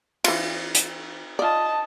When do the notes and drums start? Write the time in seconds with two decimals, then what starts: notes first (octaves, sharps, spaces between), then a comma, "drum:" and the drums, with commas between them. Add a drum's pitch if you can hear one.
0.24 E3 F4, drum: cymbal
0.75 drum: hi-hat
1.39 F4 D5 D#5 A5